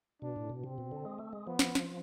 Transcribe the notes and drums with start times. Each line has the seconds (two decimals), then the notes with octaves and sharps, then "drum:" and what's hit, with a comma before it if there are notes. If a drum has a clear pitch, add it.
0.22 B2 D4
0.36 A2
0.50 B2
0.64 C3 C4
0.78 B2
0.91 D3
1.05 G#3
1.18 A3
1.33 G#3
1.47 F3 B3
1.59 drum: snare
1.75 drum: snare